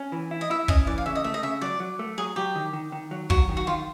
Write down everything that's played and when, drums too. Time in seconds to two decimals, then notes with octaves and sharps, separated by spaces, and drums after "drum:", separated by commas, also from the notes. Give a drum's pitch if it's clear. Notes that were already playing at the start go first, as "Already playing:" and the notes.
Already playing: C#4
0.12 E3
0.31 E4
0.41 D#5
0.50 E4 E5
0.68 C#4 D#5, drum: kick
0.87 E3 D5
0.98 F5
1.06 C#3 E5
1.15 D#5
1.24 A3 E5
1.34 D#5
1.43 C#3 E5
1.61 F#3 D5
1.80 F#3
1.99 A3
2.18 F#3 G#4
2.36 F#3 G4
2.56 D#3
2.73 D#3
2.92 D#3
3.11 F#3
3.30 F#3 F#4, drum: kick
3.49 D#3
3.57 F#4
3.67 D#3 F4